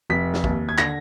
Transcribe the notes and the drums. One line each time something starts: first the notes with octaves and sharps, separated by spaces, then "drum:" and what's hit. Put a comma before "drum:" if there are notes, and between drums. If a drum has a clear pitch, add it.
F1 B6
drum: snare
D#2, drum: kick
G#6
D3 A#6, drum: clap